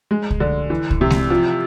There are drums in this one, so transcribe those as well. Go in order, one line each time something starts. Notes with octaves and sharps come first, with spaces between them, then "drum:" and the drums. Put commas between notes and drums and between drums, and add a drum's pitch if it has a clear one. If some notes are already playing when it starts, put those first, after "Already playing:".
G#3
drum: kick C2
D3
E3
drum: kick C2
C3
drum: snare G#3
F3